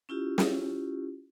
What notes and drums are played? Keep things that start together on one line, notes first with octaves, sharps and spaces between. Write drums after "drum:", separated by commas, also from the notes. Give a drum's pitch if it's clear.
C#4 E4 F4 G4
drum: snare